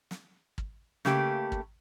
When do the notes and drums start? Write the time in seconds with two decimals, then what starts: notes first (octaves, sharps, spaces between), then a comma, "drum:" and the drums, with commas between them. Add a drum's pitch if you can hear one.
0.11 drum: snare
0.58 drum: kick
1.05 C#3 A3 A#3 G4, drum: snare
1.52 drum: kick